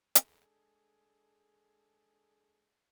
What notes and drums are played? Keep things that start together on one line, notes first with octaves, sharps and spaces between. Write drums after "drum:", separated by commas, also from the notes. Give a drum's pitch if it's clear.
G#3 D4 G#4 A4, drum: hi-hat